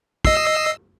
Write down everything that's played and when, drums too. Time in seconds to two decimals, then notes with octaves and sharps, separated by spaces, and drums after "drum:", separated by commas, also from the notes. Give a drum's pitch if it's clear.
0.25 D#5 E6 C7, drum: kick